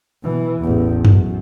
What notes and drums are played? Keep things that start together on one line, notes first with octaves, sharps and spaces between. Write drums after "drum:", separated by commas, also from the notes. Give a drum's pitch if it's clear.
B2 E3
A1 E2
F#2, drum: tom F#2